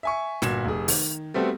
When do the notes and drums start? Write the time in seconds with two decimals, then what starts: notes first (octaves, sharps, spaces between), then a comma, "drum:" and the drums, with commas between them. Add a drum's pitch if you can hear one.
0.03 E5 G#5 C#6
0.42 G1 A#2 F#4 G#6 E7, drum: snare
0.65 F1 G#4
0.88 D#3, drum: open hi-hat
1.34 G3 A3 B3 C4 F#4 A4